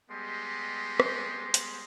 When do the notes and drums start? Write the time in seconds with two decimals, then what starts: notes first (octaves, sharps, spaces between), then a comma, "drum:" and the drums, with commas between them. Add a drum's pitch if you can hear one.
0.11 G3 G#3 B3 G4 D#5 C6
1.00 drum: rim click
1.54 drum: hi-hat